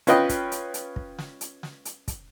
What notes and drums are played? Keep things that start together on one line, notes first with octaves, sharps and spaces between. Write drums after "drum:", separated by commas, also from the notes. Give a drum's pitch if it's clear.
C#4 F4 B4 D#5 G5, drum: hi-hat
drum: kick, hi-hat
drum: hi-hat
drum: hi-hat
drum: kick
drum: snare
drum: hi-hat
drum: snare
drum: hi-hat
drum: kick, hi-hat